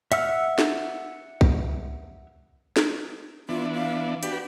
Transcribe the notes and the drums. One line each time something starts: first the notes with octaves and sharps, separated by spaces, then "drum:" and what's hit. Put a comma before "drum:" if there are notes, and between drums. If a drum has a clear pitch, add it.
E5 F#5 E6 F6, drum: hi-hat
drum: snare
drum: kick B1
drum: snare
E3 B3 D4 F4
F5
D4 F#4 G4 B4, drum: hi-hat